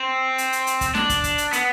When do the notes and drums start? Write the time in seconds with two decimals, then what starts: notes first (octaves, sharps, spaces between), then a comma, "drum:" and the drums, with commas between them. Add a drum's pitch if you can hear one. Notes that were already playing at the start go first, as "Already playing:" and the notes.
Already playing: C4
0.38 drum: hi-hat
0.52 drum: hi-hat
0.67 drum: hi-hat
0.81 drum: kick, hi-hat
0.95 D4, drum: snare
1.09 drum: kick, hi-hat
1.24 drum: kick, hi-hat
1.38 drum: hi-hat
1.53 B3, drum: hi-hat